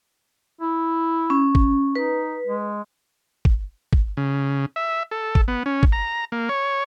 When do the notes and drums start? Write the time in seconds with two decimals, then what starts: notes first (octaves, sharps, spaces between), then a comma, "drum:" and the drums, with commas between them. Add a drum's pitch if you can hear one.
0.61 E4
1.30 C#4
1.55 drum: kick
1.96 D#4 B4
2.47 G#3
3.45 drum: kick
3.93 drum: kick
4.17 C#3
4.76 E5
5.11 A4
5.35 drum: kick
5.48 B3
5.66 C#4
5.83 drum: kick
5.92 A#5
6.32 A#3
6.49 C#5